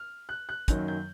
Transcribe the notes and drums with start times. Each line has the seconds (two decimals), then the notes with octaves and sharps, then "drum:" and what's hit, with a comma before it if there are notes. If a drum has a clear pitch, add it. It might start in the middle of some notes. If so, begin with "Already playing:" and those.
Already playing: F6
0.29 F#6
0.49 F#6
0.68 F#2 D#3 F#3 A#3 G6, drum: kick, hi-hat
0.88 G6